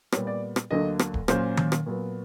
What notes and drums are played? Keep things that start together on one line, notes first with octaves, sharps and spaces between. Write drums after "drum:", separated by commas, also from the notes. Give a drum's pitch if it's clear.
A#2 G3 B3 C#5, drum: rim click
D5
drum: rim click
D2 D3 F#3 A#3 D#5
drum: rim click
drum: kick D1
A#2 F#3 A#3 C#4 C5, drum: rim click
drum: tom D#3
drum: rim click
A#2 F#3 B3